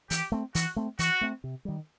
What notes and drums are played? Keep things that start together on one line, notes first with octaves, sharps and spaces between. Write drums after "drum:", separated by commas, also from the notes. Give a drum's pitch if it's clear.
E3 G4, drum: hi-hat
A3 C4
E3 F#4, drum: hi-hat
A3 C4
E3 F#4, drum: hi-hat
A3 C4
C3
D#3 G3